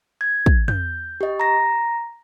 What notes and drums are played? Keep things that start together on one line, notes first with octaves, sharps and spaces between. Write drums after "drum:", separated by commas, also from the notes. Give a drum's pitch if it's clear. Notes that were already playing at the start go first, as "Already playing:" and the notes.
G#6
drum: kick
G6, drum: tom
G4 D#5
A#5 A#6